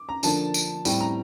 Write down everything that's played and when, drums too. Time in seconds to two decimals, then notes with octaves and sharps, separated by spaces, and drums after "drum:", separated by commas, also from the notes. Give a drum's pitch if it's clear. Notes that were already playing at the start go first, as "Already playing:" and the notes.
Already playing: D6
0.09 A#5
0.23 D3 F3 A#3 D4 A5, drum: tambourine
0.54 drum: tambourine
0.85 A2 G3 C4 G5, drum: tambourine
1.00 A#5